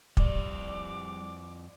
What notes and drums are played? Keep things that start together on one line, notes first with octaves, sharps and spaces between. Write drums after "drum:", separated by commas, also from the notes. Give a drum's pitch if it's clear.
F2 G3 D5 D6, drum: kick